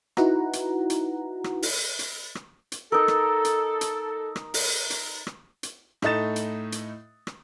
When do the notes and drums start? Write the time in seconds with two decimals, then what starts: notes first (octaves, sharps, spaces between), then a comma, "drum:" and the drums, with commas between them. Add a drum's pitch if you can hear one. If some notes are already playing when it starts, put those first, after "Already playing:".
0.17 D#4 E4 F#4 B4 F#5 A#5, drum: rim click
0.53 drum: hi-hat
0.90 drum: hi-hat
1.44 drum: rim click
1.63 drum: open hi-hat
1.99 drum: hi-hat
2.35 drum: rim click
2.72 drum: hi-hat
2.92 D#4 A4 A#4 E6
3.08 drum: rim click
3.45 drum: hi-hat
3.81 drum: hi-hat
4.36 drum: rim click
4.54 drum: open hi-hat
4.90 drum: hi-hat
5.27 drum: rim click
5.63 drum: hi-hat
6.02 A2 A3 D#4 D#5 A6 E7, drum: rim click
6.36 drum: hi-hat
6.72 drum: hi-hat
7.27 drum: rim click